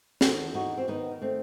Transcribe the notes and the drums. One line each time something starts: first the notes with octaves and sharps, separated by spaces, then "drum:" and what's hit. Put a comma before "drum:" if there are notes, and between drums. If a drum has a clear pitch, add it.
D#3 F#4 A4, drum: snare
E2
D#4 F#4
E2
C4
D#3 B3 D#4
D#3
A3 C4